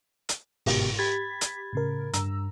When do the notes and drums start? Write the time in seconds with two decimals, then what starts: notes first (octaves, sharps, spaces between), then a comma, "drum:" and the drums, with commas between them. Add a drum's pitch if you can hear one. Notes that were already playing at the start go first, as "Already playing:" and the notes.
0.29 drum: hi-hat
0.66 G1 G#2 B2 G4, drum: open hi-hat
0.99 G4 B5 G#6 A6 B6
1.41 drum: hi-hat
1.73 A2 C#3 A#4
2.13 G2 A#5 E6, drum: hi-hat